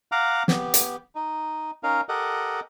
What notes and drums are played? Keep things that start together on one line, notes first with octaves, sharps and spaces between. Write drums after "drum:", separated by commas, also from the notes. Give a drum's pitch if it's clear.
F5 F#5 A#5 D6
B3 G4, drum: snare
drum: hi-hat
D#4
C#4 D#4 A#4 F5
G4 A4 A#4 D#5 F#5